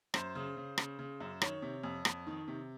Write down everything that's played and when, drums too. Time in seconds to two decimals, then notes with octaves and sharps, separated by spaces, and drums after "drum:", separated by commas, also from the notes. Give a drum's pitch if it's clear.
0.14 F#2 C5, drum: rim click
0.35 C#3
0.57 C#3
0.78 C#3, drum: rim click
0.99 C#3
1.20 F#2
1.42 D#3 C#5, drum: rim click
1.62 C3
1.84 F2
2.05 F2, drum: rim click
2.27 D#3
2.48 C3